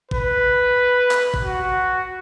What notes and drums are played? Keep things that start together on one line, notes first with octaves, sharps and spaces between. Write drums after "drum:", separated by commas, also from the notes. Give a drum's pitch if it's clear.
B4, drum: kick
drum: clap
drum: kick
F#4